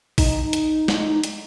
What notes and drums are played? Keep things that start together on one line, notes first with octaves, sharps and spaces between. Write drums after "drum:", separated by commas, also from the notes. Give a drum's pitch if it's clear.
D#4, drum: kick A1, open hi-hat
drum: hi-hat
drum: snare
drum: hi-hat